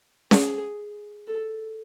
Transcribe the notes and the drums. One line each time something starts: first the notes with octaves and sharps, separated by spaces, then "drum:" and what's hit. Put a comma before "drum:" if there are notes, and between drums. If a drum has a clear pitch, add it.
G#4, drum: snare C#4
A4